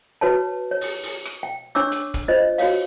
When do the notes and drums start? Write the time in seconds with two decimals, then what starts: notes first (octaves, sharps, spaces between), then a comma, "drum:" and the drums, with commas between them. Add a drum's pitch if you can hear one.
0.21 F#4 B4 C#5 A5
0.71 C#5
0.81 drum: open hi-hat
1.03 drum: open hi-hat
1.25 drum: rim click
1.43 G5
1.75 D4 C#5 C#6 D6 E6
1.92 drum: hi-hat
2.14 drum: kick, hi-hat
2.28 F4 C5 C#5 D#5
2.58 F#4 C#5 F5, drum: open hi-hat